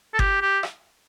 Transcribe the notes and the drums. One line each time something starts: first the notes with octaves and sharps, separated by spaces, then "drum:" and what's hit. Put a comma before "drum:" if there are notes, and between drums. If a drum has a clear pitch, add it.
A4
G4, drum: kick G1
G4
drum: rim click